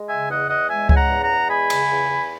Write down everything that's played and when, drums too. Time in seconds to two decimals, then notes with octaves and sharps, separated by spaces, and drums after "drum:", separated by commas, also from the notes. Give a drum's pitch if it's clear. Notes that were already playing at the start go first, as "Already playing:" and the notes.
Already playing: G#3
0.08 C#3 E5 G#5
0.29 E2 D#5 F#5
0.48 E2 D#5 F#5
0.69 G#3 E5 G#5
0.89 C#3 G#5, drum: kick C#2
0.96 F#5 A#5
1.09 E2
1.22 F#5 A#5
1.30 E2
1.49 G#3 G#5 B5
1.70 C#3, drum: cymbal
1.91 E2
2.10 E2